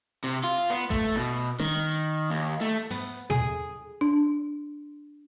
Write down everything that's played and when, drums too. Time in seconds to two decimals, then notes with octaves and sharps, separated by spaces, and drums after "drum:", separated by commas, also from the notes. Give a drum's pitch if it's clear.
0.24 C3
0.44 F4
0.70 B3
0.90 A3, drum: kick G#1
1.16 B2
1.60 D#3, drum: snare
2.30 D#2
2.61 A3
2.91 B3, drum: open hi-hat
3.30 G#4, drum: tom A#2
4.01 D4